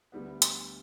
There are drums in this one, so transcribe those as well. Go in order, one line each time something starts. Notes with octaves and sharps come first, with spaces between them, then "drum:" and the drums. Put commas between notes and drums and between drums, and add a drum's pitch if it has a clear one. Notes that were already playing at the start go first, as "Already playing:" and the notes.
D2 D3 G3 B3
drum: hi-hat